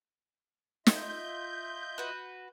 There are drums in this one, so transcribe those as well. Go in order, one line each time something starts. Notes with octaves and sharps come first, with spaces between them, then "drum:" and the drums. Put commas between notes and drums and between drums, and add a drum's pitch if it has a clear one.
F4 D#5 E5 G6, drum: snare
F#4 B4